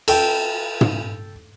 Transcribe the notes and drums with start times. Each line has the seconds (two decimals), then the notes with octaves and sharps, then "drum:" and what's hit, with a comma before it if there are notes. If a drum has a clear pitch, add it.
0.08 A4 G5, drum: cymbal
0.81 drum: tom